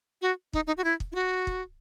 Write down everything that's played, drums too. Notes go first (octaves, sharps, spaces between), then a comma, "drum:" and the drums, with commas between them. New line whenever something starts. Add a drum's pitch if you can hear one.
F#4
D#4, drum: kick
D#4
F#4
E4
drum: kick
E4
F#4
drum: kick